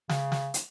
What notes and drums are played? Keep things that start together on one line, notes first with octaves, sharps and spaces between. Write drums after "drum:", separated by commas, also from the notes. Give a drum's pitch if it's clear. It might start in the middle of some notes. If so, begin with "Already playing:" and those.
C#3, drum: snare
drum: snare
drum: hi-hat